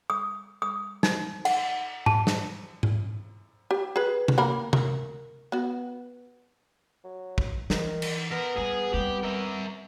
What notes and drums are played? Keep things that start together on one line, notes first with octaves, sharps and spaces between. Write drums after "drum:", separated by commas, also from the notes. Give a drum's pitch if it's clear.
D#6
D#6
D#4, drum: snare
F#5, drum: cymbal
A5, drum: tom G#2
drum: snare
drum: tom G#2
G4
G#4 B4
drum: tom C3
A#3 A#4 B5
A#4, drum: tom C3
B3 F#4
F#3
drum: kick
D#3 E3, drum: snare
drum: cymbal
B3 A#4
G3 G#4
G3 C4 G4
A#4 E5